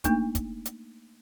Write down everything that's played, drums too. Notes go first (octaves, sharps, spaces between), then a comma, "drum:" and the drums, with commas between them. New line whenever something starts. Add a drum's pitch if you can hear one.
A3 A#3 D4 D#4, drum: kick, hi-hat
drum: kick, hi-hat
drum: hi-hat